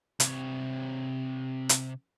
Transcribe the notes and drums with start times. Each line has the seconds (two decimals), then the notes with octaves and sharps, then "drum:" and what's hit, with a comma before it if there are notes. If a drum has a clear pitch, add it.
0.20 C3 C#5, drum: hi-hat
1.69 drum: hi-hat